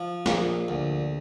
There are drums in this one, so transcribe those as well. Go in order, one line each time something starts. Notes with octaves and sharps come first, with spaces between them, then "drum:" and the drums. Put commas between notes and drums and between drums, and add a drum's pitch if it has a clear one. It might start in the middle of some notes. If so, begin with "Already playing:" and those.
Already playing: F3
A#1, drum: snare
D2